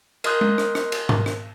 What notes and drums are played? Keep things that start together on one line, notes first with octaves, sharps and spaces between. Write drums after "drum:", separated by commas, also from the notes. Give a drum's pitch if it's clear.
A#4 D#5 C6 D#6 F#6 G6, drum: cymbal
drum: tom G#3
drum: rim click
drum: rim click
drum: cymbal
drum: tom G#2
drum: rim click